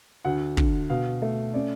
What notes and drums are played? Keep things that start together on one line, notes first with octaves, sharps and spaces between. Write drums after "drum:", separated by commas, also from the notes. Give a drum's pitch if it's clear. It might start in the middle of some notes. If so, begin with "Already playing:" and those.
D2 F#5
D3, drum: kick
B2 F5
A3
C#4 D5